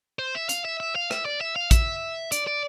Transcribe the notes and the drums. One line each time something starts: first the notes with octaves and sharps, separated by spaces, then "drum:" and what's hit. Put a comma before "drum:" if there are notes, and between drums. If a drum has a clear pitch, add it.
C5
E5
F5, drum: hi-hat
E5
E5
F5
E5, drum: rim click
D5
E5
F5
E5, drum: kick, hi-hat
D5, drum: hi-hat
D5